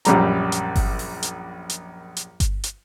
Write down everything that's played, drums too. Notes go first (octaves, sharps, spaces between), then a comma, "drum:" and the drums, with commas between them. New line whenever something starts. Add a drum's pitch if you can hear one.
A#1 F#2 G3 A#5, drum: hi-hat
drum: hi-hat
drum: kick G1, open hi-hat
drum: open hi-hat
drum: hi-hat
drum: hi-hat
drum: hi-hat
drum: kick G1, hi-hat
drum: hi-hat